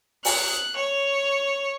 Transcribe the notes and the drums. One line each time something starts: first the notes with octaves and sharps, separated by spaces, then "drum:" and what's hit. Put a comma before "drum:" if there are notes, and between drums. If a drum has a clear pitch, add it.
F#6, drum: open hi-hat
C#5